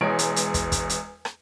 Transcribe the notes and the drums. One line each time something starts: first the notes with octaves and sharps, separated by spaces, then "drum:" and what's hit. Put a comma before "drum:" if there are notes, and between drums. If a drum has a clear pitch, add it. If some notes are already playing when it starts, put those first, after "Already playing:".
E1 E2 G#3 C#5 D7
drum: hi-hat
drum: hi-hat
drum: kick, hi-hat
drum: kick, hi-hat
drum: hi-hat
drum: rim click